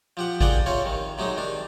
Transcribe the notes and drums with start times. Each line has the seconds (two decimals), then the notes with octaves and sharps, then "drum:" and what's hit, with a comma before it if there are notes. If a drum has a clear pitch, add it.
0.17 F3 G4 F#5
0.41 F4 G#4 A#4 D5 F#5 G5, drum: kick G#1
0.66 C3 C4 F4 C#5
0.86 D#3
1.18 C3 F#3 G#3 D#4
1.37 D#3 D4